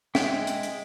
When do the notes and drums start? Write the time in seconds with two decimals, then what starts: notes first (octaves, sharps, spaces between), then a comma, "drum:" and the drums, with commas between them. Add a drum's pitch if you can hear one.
0.15 G#3 E5 G5, drum: snare
0.47 drum: hi-hat
0.63 drum: hi-hat